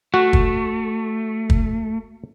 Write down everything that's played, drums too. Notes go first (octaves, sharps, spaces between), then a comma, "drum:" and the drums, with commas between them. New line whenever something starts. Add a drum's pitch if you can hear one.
A3 F#4
drum: kick
drum: kick